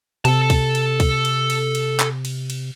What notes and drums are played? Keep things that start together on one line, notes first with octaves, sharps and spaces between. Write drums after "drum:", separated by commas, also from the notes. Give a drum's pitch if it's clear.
C3 A4 A5, drum: cymbal
drum: kick C2, cymbal
drum: cymbal
drum: kick C2, cymbal
drum: cymbal
drum: cymbal
drum: cymbal
drum: clap
drum: cymbal
drum: cymbal